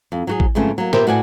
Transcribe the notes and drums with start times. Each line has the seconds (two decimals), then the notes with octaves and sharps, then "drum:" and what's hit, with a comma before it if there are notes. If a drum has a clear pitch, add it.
0.12 F2
0.27 F#3 F#4 G#4
0.40 drum: kick A1
0.55 F2 G#2 C#3 A3 B3 C#4
0.78 F#3 A#3
0.93 A#2 B3 G4 A#4 C5 E5, drum: snare
1.07 A2 F#4 B4 D5 F#5 G#5